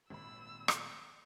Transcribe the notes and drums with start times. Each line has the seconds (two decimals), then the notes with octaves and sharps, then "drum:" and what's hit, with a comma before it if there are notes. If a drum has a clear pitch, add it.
0.10 G#1 A#2 D#3 G#3 B5 E6
0.68 drum: rim click